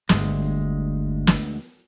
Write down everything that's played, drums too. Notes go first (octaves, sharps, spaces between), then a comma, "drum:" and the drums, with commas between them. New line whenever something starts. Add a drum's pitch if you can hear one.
G1 D2 G#2 D3 G#3, drum: snare
drum: snare